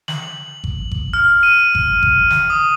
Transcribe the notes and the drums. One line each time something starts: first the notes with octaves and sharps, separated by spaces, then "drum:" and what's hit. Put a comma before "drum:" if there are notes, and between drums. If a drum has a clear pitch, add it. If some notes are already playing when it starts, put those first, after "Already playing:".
F#7, drum: snare
drum: kick G#1
drum: kick G#1
F6
D#7
drum: kick G#1
drum: kick G#1
drum: snare
D#6